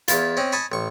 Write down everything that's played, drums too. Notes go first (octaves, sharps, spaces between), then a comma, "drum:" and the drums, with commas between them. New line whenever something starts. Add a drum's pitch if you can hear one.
E2 E4 F4, drum: hi-hat
C4 C#4 D#5
D#5 G#5 A5 B5 C#6
A1 C#6